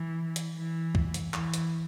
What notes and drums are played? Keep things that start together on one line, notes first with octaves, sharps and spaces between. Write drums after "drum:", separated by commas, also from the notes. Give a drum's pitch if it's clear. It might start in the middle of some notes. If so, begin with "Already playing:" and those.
Already playing: E3
drum: hi-hat
E3
drum: kick
drum: hi-hat
E3, drum: clap
drum: hi-hat